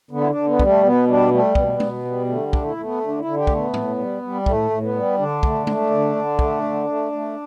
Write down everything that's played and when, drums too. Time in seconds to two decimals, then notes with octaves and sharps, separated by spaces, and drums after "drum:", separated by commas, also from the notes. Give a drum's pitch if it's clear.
0.11 D3 B3
0.21 E4
0.30 D4
0.35 D3
0.47 B3
0.59 G3, drum: kick
0.66 A3
0.83 B2 B3
1.08 G3 D4
1.31 G3 A3
1.55 B2 B3, drum: kick
1.63 A3
1.70 B3
1.80 B2, drum: tom
2.05 G3
2.28 D3 A3
2.47 D4
2.53 A3, drum: kick
2.65 E4
2.77 A3
2.83 B3
3.01 D3
3.08 D4
3.19 E4
3.25 D3
3.37 G4
3.47 A3, drum: kick
3.56 B3
3.74 A2, drum: tom A2
3.97 G3
4.22 G3
4.46 A2 A3, drum: kick
4.70 A2
4.83 B3
4.95 G3
5.18 D3 D4
5.43 A3, drum: kick
5.67 A3, drum: tom
5.90 D3
6.16 D3
6.39 A3, drum: kick
6.63 D3
6.87 A3
7.12 A3